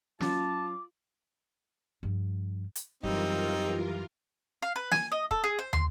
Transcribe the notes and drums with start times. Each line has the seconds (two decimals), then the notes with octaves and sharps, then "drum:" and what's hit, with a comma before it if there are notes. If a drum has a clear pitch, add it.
0.20 F#3 C#4 F4 A5 D6, drum: snare
2.03 G2 F3
2.75 drum: hi-hat
3.03 F#2 E3 G3 C4 D#4 F4 G4 A#4, drum: kick
4.62 F5
4.76 B4
4.92 G#5, drum: snare
5.12 D#5
5.31 A4, drum: kick
5.44 G#4
5.59 C5
5.73 C6, drum: tom